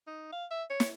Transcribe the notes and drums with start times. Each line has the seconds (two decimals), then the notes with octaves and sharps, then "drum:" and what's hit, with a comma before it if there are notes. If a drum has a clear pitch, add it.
0.07 D#4
0.32 F5
0.51 E5
0.70 C#5
0.80 drum: snare